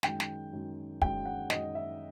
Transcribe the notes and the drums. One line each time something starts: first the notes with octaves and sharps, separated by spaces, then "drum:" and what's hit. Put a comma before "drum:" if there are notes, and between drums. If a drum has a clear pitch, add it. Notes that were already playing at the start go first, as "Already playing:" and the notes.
F#2 D#3 G#3 G5, drum: snare
drum: snare
F#2 D#3 G#3
F#2 D#3 G#3 G5, drum: kick
F#5
F#2 D#3 G#3 D#5, drum: snare
E5